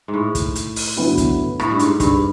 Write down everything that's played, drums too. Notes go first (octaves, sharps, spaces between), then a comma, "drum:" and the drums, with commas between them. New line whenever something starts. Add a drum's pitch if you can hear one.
G#2
A2
drum: kick, hi-hat
drum: hi-hat
drum: open hi-hat
G2 D3 F#3 B3 E4
drum: kick, hi-hat
A2, drum: rim click
G2
G#2, drum: hi-hat
G2, drum: kick, hi-hat